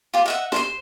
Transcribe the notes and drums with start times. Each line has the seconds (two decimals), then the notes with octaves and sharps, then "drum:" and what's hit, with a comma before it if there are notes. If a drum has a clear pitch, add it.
0.14 F4 G4
0.26 D#5 E5 F#5
0.52 C5 C6, drum: snare